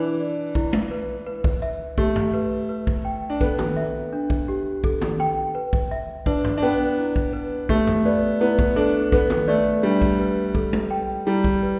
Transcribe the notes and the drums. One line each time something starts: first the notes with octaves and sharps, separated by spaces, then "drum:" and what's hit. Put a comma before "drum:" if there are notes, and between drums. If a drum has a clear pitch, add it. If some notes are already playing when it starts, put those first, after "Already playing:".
Already playing: E3 D4 B4
D5
E4, drum: kick B1
drum: tom G#3
B4
B4
drum: kick B1
E5
A3 G4, drum: kick B1
drum: tom G2
B4
B4
drum: kick B1
G5
D4
B3 A4, drum: kick B1
drum: tom
E5
D4
drum: kick B1
G4
A4, drum: kick B1
drum: tom
G5
B4
drum: kick B1
E5
D4 B4, drum: kick B1
drum: tom G2
D4
B3 G5
E4
drum: kick B1
B4
A3 G4, drum: kick B1
drum: tom F2
B3 D5
B3 E4
drum: kick B1
D4 A4
B3 A4, drum: kick B1
drum: tom
A3 D5
G3 D4
drum: kick B1
B4
A4, drum: kick B1
drum: tom G#3
G5
G3 E4
drum: kick B1
B4